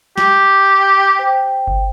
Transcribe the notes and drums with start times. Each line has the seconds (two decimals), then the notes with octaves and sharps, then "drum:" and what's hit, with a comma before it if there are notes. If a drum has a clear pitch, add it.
0.18 G4, drum: snare
1.19 C5 G5
1.68 drum: kick G1